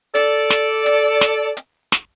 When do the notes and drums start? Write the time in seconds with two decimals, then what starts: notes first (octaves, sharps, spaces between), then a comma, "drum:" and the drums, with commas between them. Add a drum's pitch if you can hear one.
0.15 A4 D5, drum: hi-hat
0.50 drum: snare
0.86 drum: hi-hat
1.21 drum: snare
1.57 drum: hi-hat
1.92 drum: snare